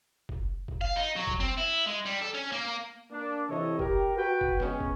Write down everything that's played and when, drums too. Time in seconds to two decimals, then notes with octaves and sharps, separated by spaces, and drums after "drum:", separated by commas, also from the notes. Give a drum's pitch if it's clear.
0.29 drum: kick
0.68 drum: kick
0.81 F5
0.96 D#4
1.16 F#3
1.27 drum: kick
1.40 C4
1.58 E4
1.87 G#3
2.06 G3
2.22 A4
2.34 C#4
2.52 A#3
3.11 A#3 D4
3.49 C3 E3 E4 A4 C#5 D#5
3.79 G4 A#4, drum: kick
4.17 F#4 B4 G5
4.41 drum: kick
4.60 G#3 B3 C#4, drum: snare
4.80 drum: kick